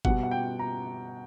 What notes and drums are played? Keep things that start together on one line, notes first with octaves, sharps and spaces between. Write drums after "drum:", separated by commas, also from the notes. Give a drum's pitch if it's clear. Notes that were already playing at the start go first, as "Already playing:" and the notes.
B2 G3 F#5, drum: kick
F#5
G5
A#5